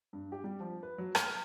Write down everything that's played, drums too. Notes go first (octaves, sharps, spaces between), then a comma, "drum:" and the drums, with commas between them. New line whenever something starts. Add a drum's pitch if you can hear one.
G2
G4
G3
F3
B4
F#3
F6, drum: rim click